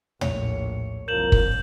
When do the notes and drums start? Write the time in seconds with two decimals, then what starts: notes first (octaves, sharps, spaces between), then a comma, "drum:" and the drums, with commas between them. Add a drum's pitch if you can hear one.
0.21 A#1 A2 C#5, drum: tom
1.08 F#1 C2 F3 A#4 G6 E7 F#7
1.32 drum: kick